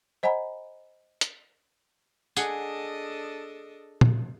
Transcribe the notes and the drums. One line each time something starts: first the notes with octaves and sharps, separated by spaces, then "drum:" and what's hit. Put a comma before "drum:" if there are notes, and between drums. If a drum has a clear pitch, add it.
C5 D#5 F#5 G#5 A#5 B5
drum: hi-hat
D4 G#4 A4 D#5 F#5, drum: tambourine
drum: tom A#2